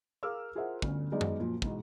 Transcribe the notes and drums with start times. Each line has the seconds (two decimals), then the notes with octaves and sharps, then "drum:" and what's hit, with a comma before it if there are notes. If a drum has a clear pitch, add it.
0.23 G#4 A#4 F5 D6 E6 F6
0.55 F4 G#4 A#4 C5 E5 F#5
0.82 G1 D2 C#4, drum: kick
1.12 F#3 G#3 B3 D#4 D5
1.21 drum: tom F#2
1.38 F#2 A#2 F3
1.62 E2 G#2 B2, drum: kick